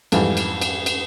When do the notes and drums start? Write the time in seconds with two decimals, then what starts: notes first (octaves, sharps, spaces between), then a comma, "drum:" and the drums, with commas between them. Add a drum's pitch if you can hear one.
0.12 F2 G#2 E3 G3, drum: cymbal
0.37 drum: cymbal
0.62 drum: cymbal
0.86 drum: cymbal